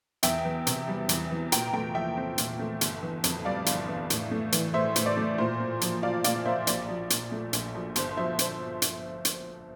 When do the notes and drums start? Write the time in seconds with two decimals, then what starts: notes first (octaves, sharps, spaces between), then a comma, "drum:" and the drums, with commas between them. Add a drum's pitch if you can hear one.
0.23 E2 E5 G5, drum: hi-hat
0.45 E3
0.67 C3, drum: hi-hat
0.88 G3
1.09 E2, drum: hi-hat
1.31 E3
1.52 A#2 G5 A#5, drum: hi-hat
1.73 A3 G5 A#5
1.95 F3 E5 G5
2.17 C4
2.38 A#2, drum: hi-hat
2.60 A3
2.81 G1, drum: hi-hat
3.03 E3
3.24 F2, drum: hi-hat
3.45 G3 D5 F5
3.66 G1, drum: hi-hat
3.88 E3
4.10 A2, drum: hi-hat
4.31 A3
4.52 E3, drum: hi-hat
4.74 A2 C5 E5
4.96 A2, drum: hi-hat
5.06 D5
5.17 A3
5.38 A#2 C5
5.60 A#3
5.81 F3, drum: hi-hat
6.02 F4 D5 F5
6.24 A#2 D5 F5, drum: hi-hat
6.45 A#3 C5 E5
6.67 A#1 D5, drum: hi-hat
6.88 F3
7.10 A#2, drum: hi-hat
7.32 A3
7.53 A#1, drum: hi-hat
7.75 F3
7.96 G1 C5, drum: hi-hat
8.17 F3 C5 E5
8.39 C5, drum: hi-hat
8.82 drum: hi-hat
9.25 drum: hi-hat